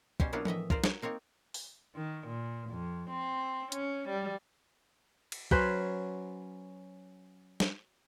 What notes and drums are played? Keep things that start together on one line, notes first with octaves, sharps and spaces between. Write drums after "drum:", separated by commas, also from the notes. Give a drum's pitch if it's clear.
B2 G3 C#4 C5 G#5 A5, drum: kick
F#3 A#3 B3 D4 E4 F4
A2 E3 D#5 E5, drum: tom F3
F4 A#4 C5 D5, drum: kick
F#4 C#5, drum: snare
A#3 C4 D#4 C#5
drum: open hi-hat
D#3
A#2
F2
C4
C#4, drum: hi-hat
G3
drum: cymbal
F#3 C#4 B4 C5, drum: kick
drum: snare